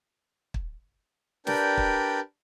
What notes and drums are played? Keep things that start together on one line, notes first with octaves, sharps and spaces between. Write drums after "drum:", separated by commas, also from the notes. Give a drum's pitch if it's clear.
drum: kick
D4 G4 A#4 B4 D5 G5, drum: snare
drum: kick